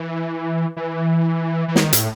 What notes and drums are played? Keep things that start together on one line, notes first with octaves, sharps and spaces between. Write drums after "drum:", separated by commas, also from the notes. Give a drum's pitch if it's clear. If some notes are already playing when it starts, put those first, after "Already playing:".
Already playing: E3
E3
E3
D#3, drum: snare
A2, drum: hi-hat